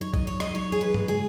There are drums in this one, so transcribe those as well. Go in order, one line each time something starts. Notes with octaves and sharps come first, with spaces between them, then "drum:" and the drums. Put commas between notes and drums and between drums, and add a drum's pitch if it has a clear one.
F#2 F#3 D#4 C#5
D#5, drum: kick B1
C#5
D#5, drum: rim click
F#2 F#3 D#4 C#5
G#4
B4
drum: tom G2
C#3 G#3 G#4